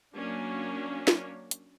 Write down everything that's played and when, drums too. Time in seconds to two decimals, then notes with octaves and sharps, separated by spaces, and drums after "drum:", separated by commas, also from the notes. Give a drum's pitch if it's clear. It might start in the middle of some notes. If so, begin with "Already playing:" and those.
0.15 F#3 A#3 C#4 D4
1.08 drum: snare
1.51 drum: hi-hat